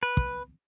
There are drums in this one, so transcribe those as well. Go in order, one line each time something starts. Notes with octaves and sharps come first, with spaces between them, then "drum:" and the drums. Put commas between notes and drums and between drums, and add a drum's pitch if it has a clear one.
B4
drum: kick